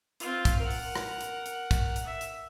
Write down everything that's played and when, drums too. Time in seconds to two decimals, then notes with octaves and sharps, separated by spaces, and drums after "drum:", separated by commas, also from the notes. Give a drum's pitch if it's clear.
0.20 C4 F4, drum: hi-hat
0.45 drum: kick, hi-hat
0.60 A#4 F#5
0.70 drum: open hi-hat
0.96 drum: rim click
1.21 drum: hi-hat
1.46 drum: hi-hat
1.71 drum: kick, hi-hat
1.96 drum: hi-hat
2.05 E5
2.21 drum: hi-hat